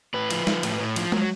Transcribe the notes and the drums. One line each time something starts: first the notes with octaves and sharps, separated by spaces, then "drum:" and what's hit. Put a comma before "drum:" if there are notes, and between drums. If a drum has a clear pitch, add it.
A2 B4
F3, drum: cymbal
F3, drum: snare
A2, drum: cymbal
A2
F3, drum: cymbal
F#3, drum: tom G#3